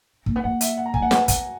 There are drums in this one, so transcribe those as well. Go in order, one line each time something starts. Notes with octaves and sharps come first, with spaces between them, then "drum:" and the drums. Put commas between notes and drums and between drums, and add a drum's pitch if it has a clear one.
A#3, drum: kick
B3
A#3 F#5
E5, drum: hi-hat
F#5
A#5
G#5, drum: kick
A#3 F#5
B3 F#5, drum: snare
B3 F#5, drum: kick, hi-hat